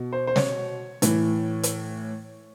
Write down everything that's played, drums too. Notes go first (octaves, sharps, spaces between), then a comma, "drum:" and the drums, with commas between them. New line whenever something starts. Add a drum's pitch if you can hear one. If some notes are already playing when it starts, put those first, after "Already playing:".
Already playing: B2
C5
C5
C#5, drum: snare
A2 E3, drum: hi-hat
drum: hi-hat